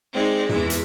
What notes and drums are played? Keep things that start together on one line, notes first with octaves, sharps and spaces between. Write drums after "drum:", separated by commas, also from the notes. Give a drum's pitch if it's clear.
G#3 C4 D#4 D5
E2 E3 G#3 E5, drum: tom
drum: hi-hat